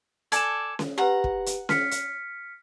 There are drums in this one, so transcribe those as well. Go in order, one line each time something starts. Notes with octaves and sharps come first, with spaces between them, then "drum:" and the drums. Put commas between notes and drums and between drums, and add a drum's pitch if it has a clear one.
A4 D5 G#5 G#6 E7, drum: hi-hat
drum: snare C#4
G4 B4 F#5 A#5
drum: kick
drum: hi-hat
F6 B6 C#7, drum: snare C#4
drum: hi-hat